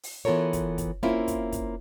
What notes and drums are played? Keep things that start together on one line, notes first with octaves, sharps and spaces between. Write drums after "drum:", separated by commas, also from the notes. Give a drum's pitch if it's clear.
drum: open hi-hat
E3 B3 F4 A4 A#4 C#5
drum: kick, hi-hat
drum: kick, hi-hat
A#3 C4 C#4 E4 F4, drum: snare
drum: kick, hi-hat
drum: kick, hi-hat